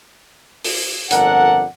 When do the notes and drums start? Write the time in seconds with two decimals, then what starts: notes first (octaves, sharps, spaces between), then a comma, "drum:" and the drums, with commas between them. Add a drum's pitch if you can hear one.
0.64 drum: open hi-hat
1.11 G1 F2 D4 A4 A#4 F#5, drum: hi-hat